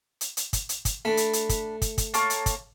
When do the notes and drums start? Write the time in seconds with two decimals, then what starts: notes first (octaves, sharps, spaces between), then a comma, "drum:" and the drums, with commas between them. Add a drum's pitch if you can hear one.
0.21 drum: hi-hat
0.37 drum: hi-hat
0.53 drum: kick, hi-hat
0.69 drum: hi-hat
0.85 drum: kick, hi-hat
1.05 A3 D4 B5
1.17 drum: hi-hat
1.33 drum: hi-hat
1.49 drum: kick, hi-hat
1.82 drum: kick, hi-hat
1.98 drum: kick, hi-hat
2.14 A#3 A4 C#5, drum: hi-hat
2.30 drum: hi-hat
2.46 drum: kick, hi-hat